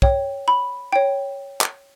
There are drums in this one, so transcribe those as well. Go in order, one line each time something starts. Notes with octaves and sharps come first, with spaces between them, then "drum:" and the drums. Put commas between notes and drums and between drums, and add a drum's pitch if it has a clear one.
C#5 G5, drum: kick
B5
C#5 G5
drum: clap